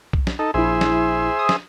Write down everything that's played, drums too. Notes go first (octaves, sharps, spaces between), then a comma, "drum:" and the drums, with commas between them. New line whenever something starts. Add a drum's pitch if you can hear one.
drum: kick B1
drum: snare
D#4 A4
A#1 E4 G#4 C5 E5
drum: snare
D#6
drum: snare